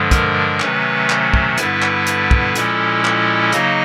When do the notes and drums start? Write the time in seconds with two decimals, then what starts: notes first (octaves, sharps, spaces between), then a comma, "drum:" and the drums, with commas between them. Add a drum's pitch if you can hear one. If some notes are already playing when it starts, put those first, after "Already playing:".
Already playing: G2 D3 F3 G#3
0.11 A#4, drum: kick, hi-hat
0.60 C3 D#3 F#3 A3 C#4 B4, drum: clap
1.10 C5, drum: clap
1.34 drum: kick
1.58 G2 D3 G3 B3 E4 B4, drum: hi-hat
1.82 drum: clap
2.07 drum: hi-hat
2.31 drum: kick
2.55 A#2 F3 G#3 C#4 E4 A4, drum: hi-hat
3.05 A4, drum: clap
3.52 C#3 F#3 A#3 D#4 D#5, drum: hi-hat